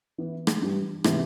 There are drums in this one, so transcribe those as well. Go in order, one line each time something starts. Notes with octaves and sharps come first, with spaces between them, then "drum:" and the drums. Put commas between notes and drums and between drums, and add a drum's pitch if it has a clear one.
E3 B3 E4
drum: rim click
G2 E3 G3 D4
C3 E3 B3 E4, drum: rim click